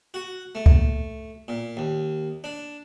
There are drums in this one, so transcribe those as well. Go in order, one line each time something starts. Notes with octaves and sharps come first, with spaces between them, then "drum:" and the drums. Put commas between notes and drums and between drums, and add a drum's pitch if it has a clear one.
F#4
A3
drum: kick C#2
A#2
D#2
D4